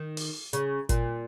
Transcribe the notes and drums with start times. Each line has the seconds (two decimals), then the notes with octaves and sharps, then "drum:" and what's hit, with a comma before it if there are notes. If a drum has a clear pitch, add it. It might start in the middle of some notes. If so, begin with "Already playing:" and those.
Already playing: D#3
0.17 drum: open hi-hat
0.53 C#3, drum: hi-hat
0.89 A#2, drum: kick G#1, hi-hat